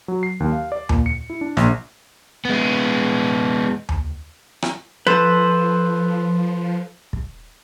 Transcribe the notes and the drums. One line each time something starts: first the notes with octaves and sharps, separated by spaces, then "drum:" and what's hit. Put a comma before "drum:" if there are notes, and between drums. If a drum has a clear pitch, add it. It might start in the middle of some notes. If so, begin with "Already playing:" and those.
F#3
C7
D#2
F5
D5
A#2, drum: tom D#2
C#7
E4
D4
A#1, drum: snare
G#3 B3
drum: tom D#2
drum: rim click
F3 A4 B4 C5
drum: kick